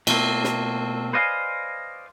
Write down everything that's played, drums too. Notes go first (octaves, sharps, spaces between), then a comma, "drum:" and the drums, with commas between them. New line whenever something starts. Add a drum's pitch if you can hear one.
B2 A3 A#3 C4, drum: cymbal
drum: snare
B4 C5 D5 D#5 F5 G#5